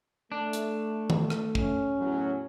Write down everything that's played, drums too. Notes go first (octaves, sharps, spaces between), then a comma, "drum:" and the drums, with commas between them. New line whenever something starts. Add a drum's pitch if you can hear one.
A3 D4
drum: hi-hat
drum: tom D#3
drum: rim click
C#4, drum: kick
E2 A2 F#3